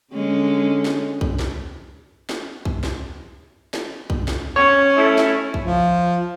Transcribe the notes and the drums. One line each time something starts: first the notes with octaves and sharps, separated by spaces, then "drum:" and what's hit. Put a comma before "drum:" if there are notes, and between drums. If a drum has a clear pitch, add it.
D3 G#3 C#4
drum: snare
drum: kick B1
drum: snare
drum: snare
drum: kick B1
drum: snare
drum: snare
drum: kick B1
drum: snare
C#4 C#5
A3 E4
drum: snare
drum: kick B1
F3